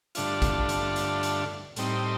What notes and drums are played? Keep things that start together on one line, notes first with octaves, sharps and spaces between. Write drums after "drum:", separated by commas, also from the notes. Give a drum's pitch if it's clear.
G2 D3 A3 D4 F4, drum: hi-hat
drum: kick A1, hi-hat
drum: hi-hat
drum: hi-hat
drum: hi-hat
A2 G3 C4 D#4, drum: hi-hat